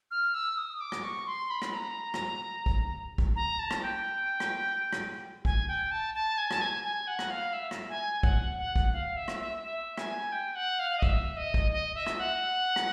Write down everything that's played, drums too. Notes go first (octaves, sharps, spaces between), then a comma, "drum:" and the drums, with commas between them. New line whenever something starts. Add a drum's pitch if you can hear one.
F6
E6
D#6
D6
drum: rim click
C#6
C6
B5
drum: rim click
A#5
drum: rim click
drum: kick
drum: kick
A#5
A5
drum: rim click
G5
drum: rim click
drum: rim click
G#5, drum: kick
G5
A5
A5
G#5
A5, drum: rim click
G#5
G#5
F#5
drum: rim click
F5
E5
drum: rim click
G#5
F#5, drum: kick
F#5
drum: kick
F5
E5
drum: rim click
E5
E5
G#5, drum: rim click
G5
F#5
F5
D#5
E5, drum: kick
D#5
drum: kick
D#5
E5
drum: rim click
F#5
drum: rim click